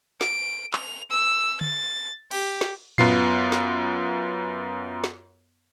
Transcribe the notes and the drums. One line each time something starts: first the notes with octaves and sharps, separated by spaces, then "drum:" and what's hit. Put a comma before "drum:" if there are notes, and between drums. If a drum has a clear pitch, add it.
D7, drum: snare
F7, drum: clap
E6
A6, drum: tom D3
G4, drum: cymbal
drum: snare
F#2 B3 F4 C7, drum: tom A2
drum: snare
drum: snare